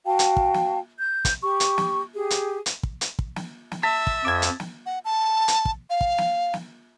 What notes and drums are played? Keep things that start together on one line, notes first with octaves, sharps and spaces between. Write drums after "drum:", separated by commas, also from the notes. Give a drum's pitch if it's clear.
F#4 F5 G5 A5
drum: hi-hat
drum: kick
drum: snare
G6
drum: kick, hi-hat
G4 C#6
drum: hi-hat
drum: snare
G4 G#4
drum: hi-hat
drum: hi-hat
drum: kick
drum: hi-hat
drum: kick
drum: snare
drum: snare
E5 A5 B6
drum: kick
F2 D6 G#6
drum: hi-hat
drum: snare
F#5
A5
drum: hi-hat
drum: kick
F5
drum: kick
drum: snare
drum: snare